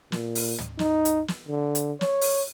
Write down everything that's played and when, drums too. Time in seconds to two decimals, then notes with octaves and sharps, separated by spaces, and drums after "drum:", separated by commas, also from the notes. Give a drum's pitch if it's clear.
0.12 A#2, drum: snare
0.35 drum: open hi-hat
0.59 drum: tom
0.79 D#4, drum: snare
1.05 drum: hi-hat
1.28 drum: snare
1.48 D3
1.75 drum: hi-hat
2.01 C#5, drum: snare
2.21 drum: open hi-hat